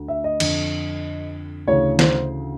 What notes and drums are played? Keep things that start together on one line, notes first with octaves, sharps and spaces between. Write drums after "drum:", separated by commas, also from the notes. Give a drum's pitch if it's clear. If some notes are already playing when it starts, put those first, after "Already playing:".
Already playing: D2 D3
E5
D#5
F2 D3, drum: cymbal
D2 C#3 E3 C#5
C5, drum: snare